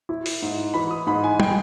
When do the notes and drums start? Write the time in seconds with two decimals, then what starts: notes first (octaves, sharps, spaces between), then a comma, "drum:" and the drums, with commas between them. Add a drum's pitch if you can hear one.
0.09 E4
0.26 drum: open hi-hat
0.42 G#2
0.74 E3 B5
0.91 D#6
1.07 G#2 B5
1.24 G#5
1.40 G5, drum: tom